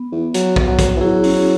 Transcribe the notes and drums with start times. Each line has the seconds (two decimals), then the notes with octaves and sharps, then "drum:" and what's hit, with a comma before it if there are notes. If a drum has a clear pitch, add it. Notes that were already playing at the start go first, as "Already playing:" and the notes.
Already playing: B3
0.12 E2
0.34 F#3, drum: hi-hat
0.56 drum: kick
0.67 F#3
0.79 drum: kick, hi-hat
0.96 E3
1.01 F#3 E4 G#4
1.23 C#4, drum: open hi-hat